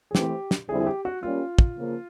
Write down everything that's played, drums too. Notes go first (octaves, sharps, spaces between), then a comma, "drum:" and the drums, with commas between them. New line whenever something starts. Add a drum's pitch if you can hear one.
G#4
E3 A3 C4 G4, drum: snare
drum: snare
F2 D3 G3 C4 E4 G#4
G#4
G4
F#4
G3 A#3 C#4 F4
drum: kick
C#3 F3 A#3